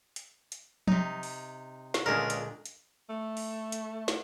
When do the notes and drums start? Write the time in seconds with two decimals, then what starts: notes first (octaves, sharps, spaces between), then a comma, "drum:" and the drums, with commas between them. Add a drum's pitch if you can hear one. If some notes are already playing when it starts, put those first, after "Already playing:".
0.16 drum: hi-hat
0.52 drum: hi-hat
0.87 C3 D#4, drum: tom F3
1.23 drum: open hi-hat
1.94 drum: snare
2.06 C#2 A#2 D3 G#3 A#4
2.30 drum: hi-hat
2.66 drum: hi-hat
3.10 A3
3.37 drum: open hi-hat
3.72 drum: hi-hat
4.08 drum: snare